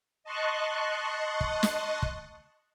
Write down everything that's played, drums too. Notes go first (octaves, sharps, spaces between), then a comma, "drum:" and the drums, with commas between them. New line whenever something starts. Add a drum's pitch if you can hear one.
D#5 A5 C6 C#6 F#6
drum: kick
drum: snare
drum: kick